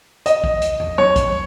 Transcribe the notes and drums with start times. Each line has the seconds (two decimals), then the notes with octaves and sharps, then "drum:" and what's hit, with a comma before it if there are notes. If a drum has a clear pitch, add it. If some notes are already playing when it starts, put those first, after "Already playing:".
0.26 D#5, drum: hi-hat
0.44 drum: kick
0.62 drum: hi-hat
0.80 drum: tom
0.98 C#5, drum: tom F#3
1.16 drum: kick, hi-hat